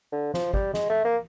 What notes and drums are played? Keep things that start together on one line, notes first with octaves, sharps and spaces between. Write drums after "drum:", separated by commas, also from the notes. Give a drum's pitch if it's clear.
D3
F3, drum: snare
G3, drum: kick
G#3, drum: snare
A3
A#3